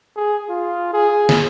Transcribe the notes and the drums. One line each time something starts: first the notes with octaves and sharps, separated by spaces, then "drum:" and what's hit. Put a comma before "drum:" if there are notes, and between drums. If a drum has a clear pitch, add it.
G#4
F4
G#4
drum: snare